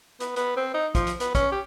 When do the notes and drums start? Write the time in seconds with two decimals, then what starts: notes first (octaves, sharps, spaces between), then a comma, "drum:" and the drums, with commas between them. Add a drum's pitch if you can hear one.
0.20 B3, drum: hi-hat
0.36 B3, drum: hi-hat
0.57 C4
0.74 D#4
0.95 F3, drum: kick, hi-hat
1.07 drum: hi-hat
1.20 B3, drum: hi-hat
1.35 C#4, drum: kick, hi-hat
1.52 G4